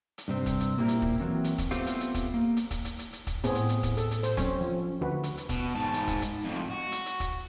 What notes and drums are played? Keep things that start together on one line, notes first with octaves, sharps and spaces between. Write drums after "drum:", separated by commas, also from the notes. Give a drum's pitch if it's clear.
drum: hi-hat
G2 C3 C4
drum: kick, hi-hat
drum: hi-hat
A#2 A#3 C4 E4 G4 A#4
drum: hi-hat
drum: kick
E3 F#3 A#3 C4
drum: hi-hat
drum: kick, hi-hat
A3 B3 C4 F4 G4 F5, drum: hi-hat
drum: hi-hat
drum: hi-hat
drum: kick, hi-hat
A#3
drum: hi-hat
drum: kick, hi-hat
drum: hi-hat
drum: hi-hat
drum: hi-hat
drum: kick, hi-hat
A2 B3 C4 G#4, drum: hi-hat
drum: hi-hat
drum: hi-hat
drum: kick, hi-hat
A4, drum: hi-hat
drum: hi-hat
C5, drum: hi-hat
F#3 C4 C#4, drum: kick, hi-hat
F3
D2 F#4 B4
drum: hi-hat
drum: hi-hat
B2, drum: kick, hi-hat
G#2 A5
drum: hi-hat
drum: kick, hi-hat
drum: hi-hat
F2 A2
F#4
drum: hi-hat
drum: hi-hat
drum: kick, hi-hat